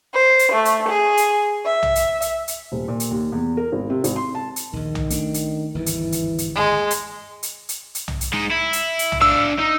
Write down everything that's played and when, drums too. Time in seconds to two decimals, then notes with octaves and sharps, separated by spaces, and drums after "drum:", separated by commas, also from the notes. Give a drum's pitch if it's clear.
0.14 C5
0.39 drum: hi-hat
0.51 A3
0.65 drum: hi-hat
0.88 G#4
1.17 drum: hi-hat
1.66 E5
1.83 drum: tom B1
1.96 drum: hi-hat
2.22 drum: hi-hat
2.48 drum: hi-hat
2.72 D#1
2.88 A#2
3.00 drum: hi-hat
3.11 D#2
3.32 E2
3.57 A#4
3.72 G#1
3.90 C3
4.04 G#1, drum: hi-hat
4.16 C6
4.35 A5
4.56 drum: hi-hat
4.73 A#1 D#2 D#3
4.95 drum: tom B1
5.10 A3 D4, drum: hi-hat
5.34 drum: hi-hat
5.75 G1 D#2 G#2 E3
5.86 drum: hi-hat
6.12 drum: hi-hat
6.38 drum: hi-hat
6.56 G#3
6.91 drum: hi-hat
7.43 drum: hi-hat
7.69 drum: hi-hat
7.95 drum: hi-hat
8.08 drum: tom B1
8.21 drum: hi-hat
8.33 G#3 D#4
8.51 E4
8.73 drum: hi-hat
8.99 drum: hi-hat
9.12 drum: tom B1
9.22 D4 F5 E6
9.59 D#4